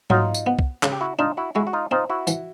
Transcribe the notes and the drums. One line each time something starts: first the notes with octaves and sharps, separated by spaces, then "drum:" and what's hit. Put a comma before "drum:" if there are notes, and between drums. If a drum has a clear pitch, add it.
F#3 D#4 F4, drum: tom G#2
drum: tambourine
B3
drum: kick C2
C#3, drum: clap
G4
E4 F#4
D4 D#4 F4
E4 F#4
G#3 E4 F#4
F#4
D#4 F4
C4 D#4 F4
E4 F#4
E3, drum: tambourine